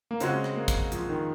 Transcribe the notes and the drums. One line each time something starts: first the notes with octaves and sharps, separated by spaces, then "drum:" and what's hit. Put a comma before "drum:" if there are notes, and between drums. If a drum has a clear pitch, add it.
A#3
C#3 G#3 C4 C#4 F#4, drum: hi-hat
drum: rim click
A#3
drum: kick, hi-hat
F3, drum: hi-hat
D#3